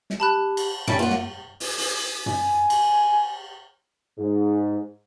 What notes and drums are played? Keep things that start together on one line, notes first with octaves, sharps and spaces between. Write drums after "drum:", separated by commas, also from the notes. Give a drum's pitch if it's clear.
drum: snare
G4 A5 B5 F#6
drum: cymbal
G3 C#4 A4 D7, drum: tom
A#3 F4 F#4
drum: snare
drum: open hi-hat
drum: open hi-hat
G#5, drum: tom
drum: cymbal
G#2